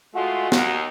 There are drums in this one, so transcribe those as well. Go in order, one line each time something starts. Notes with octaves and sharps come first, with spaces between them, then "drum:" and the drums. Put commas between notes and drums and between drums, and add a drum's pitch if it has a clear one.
G#3 A3 F4 F#4
D#2, drum: snare